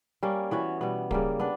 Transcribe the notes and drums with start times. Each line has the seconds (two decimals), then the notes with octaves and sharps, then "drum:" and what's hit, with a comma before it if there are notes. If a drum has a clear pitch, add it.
0.23 G3 A#3 C#4
0.51 E3 B3 F#4 C#5
0.81 B2 G3 B3
1.11 C#3 G3 A#3, drum: kick D1
1.40 B3 D4